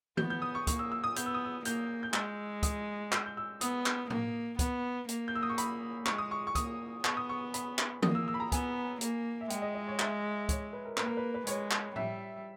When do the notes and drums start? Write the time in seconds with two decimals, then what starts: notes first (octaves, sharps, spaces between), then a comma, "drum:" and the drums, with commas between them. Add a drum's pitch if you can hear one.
0.17 B3 G6, drum: tom D#3
0.30 G6
0.42 D#6
0.55 C#6
0.67 A#3 C#6, drum: kick, hi-hat
0.79 E6
0.92 E6
1.04 D#6
1.16 B3 G6, drum: hi-hat
1.26 E6
1.34 D#6
1.45 E6
1.65 A#3 G6, drum: hi-hat
2.03 G6
2.14 G#3 E6, drum: clap
2.63 D#6, drum: kick, hi-hat
3.12 E6, drum: clap
3.26 G6
3.37 E6
3.61 B3 D#6, drum: hi-hat
3.86 drum: clap
4.10 A#3, drum: tom A2
4.59 B3, drum: kick, hi-hat
5.08 A#3, drum: hi-hat
5.28 G6
5.35 E6
5.43 D#6
5.49 C#6
5.58 B5, drum: hi-hat
6.06 G#3 C#6, drum: clap
6.18 D#6
6.31 C#6
6.47 C#6
6.55 A#3 D#6, drum: kick, hi-hat
7.05 B3 C#6, drum: clap
7.17 D#6
7.29 C#6
7.54 B5, drum: hi-hat
7.79 drum: clap
8.02 A#3 D#6, drum: tom D#3
8.15 E6
8.28 E6
8.34 B5
8.40 A#5
8.52 B3 G#5, drum: kick, hi-hat
9.01 A#3, drum: hi-hat
9.41 E5
9.50 G#3 G5, drum: hi-hat
9.62 D#5
9.75 D#5
9.88 C#5
9.99 E5, drum: clap
10.49 C#5, drum: kick, hi-hat
10.73 B4
10.85 A#4
10.97 A#3 B4, drum: clap
11.06 A#4
11.17 B4
11.34 B4
11.47 G#3 C#5, drum: hi-hat
11.71 drum: clap
11.96 G3 E5, drum: tom A2